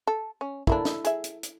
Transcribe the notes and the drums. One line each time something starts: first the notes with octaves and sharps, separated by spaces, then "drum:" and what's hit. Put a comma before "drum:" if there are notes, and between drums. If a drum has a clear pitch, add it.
A4
C#4
E3 A#3 D4 E4 A4, drum: kick
drum: snare
G#4 E5, drum: hi-hat
drum: hi-hat
drum: hi-hat